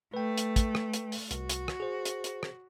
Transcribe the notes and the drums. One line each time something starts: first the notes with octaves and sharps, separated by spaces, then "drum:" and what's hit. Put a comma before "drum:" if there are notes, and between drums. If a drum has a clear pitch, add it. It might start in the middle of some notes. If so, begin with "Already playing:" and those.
A3 B4 G5
drum: hi-hat
drum: kick, hi-hat
drum: rim click
drum: hi-hat
drum: open hi-hat
C2 F#4, drum: hi-hat
drum: hi-hat
drum: rim click
G#4 C5
drum: hi-hat
drum: hi-hat
drum: rim click